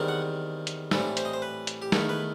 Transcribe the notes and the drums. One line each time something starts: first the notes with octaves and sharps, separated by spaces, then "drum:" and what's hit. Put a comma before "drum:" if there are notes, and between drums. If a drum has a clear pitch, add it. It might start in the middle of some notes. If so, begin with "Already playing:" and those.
Already playing: E2 D#3 G3 C4
F#5
drum: hi-hat
A2 E3 G3 C4 A4, drum: snare
C5, drum: hi-hat
D#5
C5
B4
drum: hi-hat
G4
E2 D#3 A3 E4 A4, drum: snare
B4